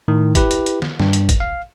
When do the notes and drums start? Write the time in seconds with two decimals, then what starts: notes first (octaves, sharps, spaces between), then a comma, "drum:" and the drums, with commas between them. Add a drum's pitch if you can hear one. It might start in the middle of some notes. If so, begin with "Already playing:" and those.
0.08 A2 D#3
0.35 E4 G4 B4, drum: kick A1, hi-hat
0.51 drum: hi-hat
0.66 drum: hi-hat
0.82 drum: snare
1.00 G2, drum: snare
1.13 drum: hi-hat
1.29 drum: kick A1, hi-hat
1.40 F5